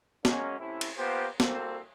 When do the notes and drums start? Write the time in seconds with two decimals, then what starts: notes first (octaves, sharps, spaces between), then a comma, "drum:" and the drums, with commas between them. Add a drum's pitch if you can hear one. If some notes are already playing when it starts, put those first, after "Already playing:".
0.25 F#3 G#3 A#3 C#4, drum: snare
0.59 A2 C3 C#4 E4
0.81 drum: cymbal
0.96 A#3 B3 F4 G4 C5
1.40 C2 A#3 C4 F#4 A4 C5, drum: snare